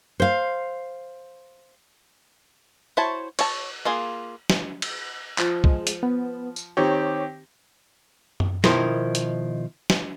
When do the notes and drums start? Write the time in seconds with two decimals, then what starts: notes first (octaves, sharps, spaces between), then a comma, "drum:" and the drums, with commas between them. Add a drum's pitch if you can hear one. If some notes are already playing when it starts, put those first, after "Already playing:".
0.20 C5 F5
2.97 E4 F#4 C5 C#5 A5
3.39 C#5 A5, drum: cymbal
3.85 A#3 F4 G#4
4.50 drum: snare
4.82 drum: cymbal
5.38 F3, drum: clap
5.64 G#3, drum: kick
5.87 drum: hi-hat
6.03 B3
6.56 drum: tambourine
6.77 D#3 C4 G4 C#5
8.40 drum: tom F#2
8.64 B2 D#3 F3 E4 A#4 C5, drum: snare
9.15 drum: hi-hat
9.90 drum: snare